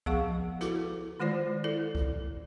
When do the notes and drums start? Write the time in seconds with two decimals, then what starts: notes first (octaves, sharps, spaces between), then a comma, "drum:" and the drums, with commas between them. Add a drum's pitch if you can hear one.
0.06 F3 B3 G#4 F5 F#5 C#6, drum: kick
0.61 E4 F#4 A4 D6, drum: snare
1.20 D#3 G#3 F4 C5 D5
1.64 E4 A4 D5
1.95 drum: kick